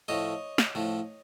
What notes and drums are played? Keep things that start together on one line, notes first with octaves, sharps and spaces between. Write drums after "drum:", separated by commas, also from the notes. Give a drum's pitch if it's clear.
A2 F3 A3 C#5 D#5
drum: snare
A2 F3 A3